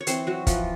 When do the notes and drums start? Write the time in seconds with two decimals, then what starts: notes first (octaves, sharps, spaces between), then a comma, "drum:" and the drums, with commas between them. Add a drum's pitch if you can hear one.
0.01 C#5
0.07 E3 C4 C5, drum: hi-hat
0.27 F#3 F#4
0.47 E3 F3 F4, drum: kick, hi-hat